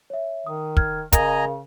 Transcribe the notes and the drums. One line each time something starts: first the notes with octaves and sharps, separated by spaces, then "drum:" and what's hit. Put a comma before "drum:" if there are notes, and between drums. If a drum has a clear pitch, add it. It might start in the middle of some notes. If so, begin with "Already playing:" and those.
C#5 E5
D#3 D#6
F6 G#6, drum: kick
C#3 A#4 D#5 F5 G#5 A#5, drum: kick, hi-hat